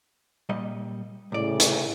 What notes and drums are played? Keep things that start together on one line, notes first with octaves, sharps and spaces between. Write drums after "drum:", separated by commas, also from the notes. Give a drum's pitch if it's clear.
A#2 G3 D#5
C2 A2 C#3 D5
drum: hi-hat